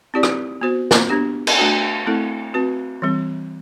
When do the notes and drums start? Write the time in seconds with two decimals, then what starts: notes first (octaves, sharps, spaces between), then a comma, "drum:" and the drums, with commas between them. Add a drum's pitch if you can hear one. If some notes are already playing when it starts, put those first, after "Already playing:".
0.14 C4 E4 G4 D5
0.23 drum: rim click
0.61 B3 F#4 C5
0.91 drum: snare
1.10 B3 D4 G4
1.47 drum: cymbal
1.58 A3 D4 F#4
2.06 A3 C4 E4 A4
2.54 C4 F#4 B4
3.02 E3 G3 C4